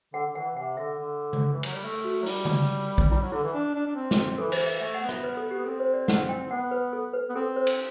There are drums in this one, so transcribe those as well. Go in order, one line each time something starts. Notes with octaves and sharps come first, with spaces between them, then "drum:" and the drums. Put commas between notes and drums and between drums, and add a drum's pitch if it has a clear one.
D3 F#5
D3
E3 F#5
C3 F#5
D3 E5
D3
drum: tom C#3
E3
F#3, drum: cymbal
G3
A3 E5
F#4
F#3
G3 E4, drum: open hi-hat
drum: tom C#3
drum: kick A#1
G3 E4
F#3
D3 E4
E3
D4
D4
D4
C4
drum: snare
E3 A4
C5, drum: cymbal
E3
E5
A3 E5
F#5
B3
E5, drum: rim click
B4
A4
G4
B3
C4 A4
C5
D5
F#5, drum: snare
G5
B3 F#5
B4
A4
B4
B3
C4 A4
C5
drum: cymbal